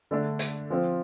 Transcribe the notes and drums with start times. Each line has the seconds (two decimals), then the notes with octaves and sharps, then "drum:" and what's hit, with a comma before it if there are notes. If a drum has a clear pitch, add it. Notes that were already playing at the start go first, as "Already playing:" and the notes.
0.11 D3 A3 D4
0.39 drum: hi-hat
0.70 F3 C4 F4